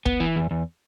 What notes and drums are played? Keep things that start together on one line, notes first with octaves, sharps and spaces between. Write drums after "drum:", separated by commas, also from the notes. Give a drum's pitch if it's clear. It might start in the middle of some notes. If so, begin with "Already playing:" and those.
B3, drum: kick
E3
E2
E2